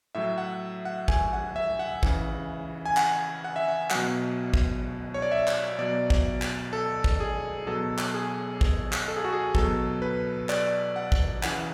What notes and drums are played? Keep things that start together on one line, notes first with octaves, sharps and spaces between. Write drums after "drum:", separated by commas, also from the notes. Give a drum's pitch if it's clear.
A2 F#3 E5
F#5
F#5
G#5, drum: kick
F#5
E5
F#5
C#3 E3, drum: kick
G#5
F#5, drum: clap
F#5
E5
F#5
B2 F#3 F#5, drum: clap
drum: kick
C#5
D5
E5
drum: clap
B2 F#3 D5
drum: kick
drum: clap
A4
drum: kick
G#4
B2 F#3 A4
drum: clap
G#4
drum: kick
drum: clap
A4
G#4
F#4
G#4
B2 F#3 A4, drum: kick
B4
D5, drum: clap
F#5
drum: kick
C#3 E3 F#5, drum: clap